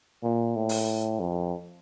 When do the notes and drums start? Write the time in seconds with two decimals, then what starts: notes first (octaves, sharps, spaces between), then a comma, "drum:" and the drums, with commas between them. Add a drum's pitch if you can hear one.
0.23 A#2
0.56 A2
0.69 drum: open hi-hat
1.20 F2